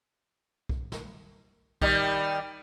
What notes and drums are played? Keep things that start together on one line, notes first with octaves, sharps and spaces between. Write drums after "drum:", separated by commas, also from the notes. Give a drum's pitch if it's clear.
drum: kick B1
drum: snare
D#3 G3, drum: kick B1